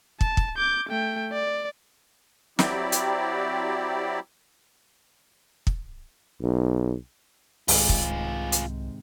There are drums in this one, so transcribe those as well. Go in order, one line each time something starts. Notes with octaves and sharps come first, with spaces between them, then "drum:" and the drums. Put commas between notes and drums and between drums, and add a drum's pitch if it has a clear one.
A5, drum: kick
drum: kick
D6 G6
A3 G5
D5
F#3 C4 E4 G4 D5, drum: snare
drum: hi-hat
drum: kick
B1
C2 G#2 C3 D#3 G#3 F4 G#4, drum: open hi-hat
drum: kick
drum: hi-hat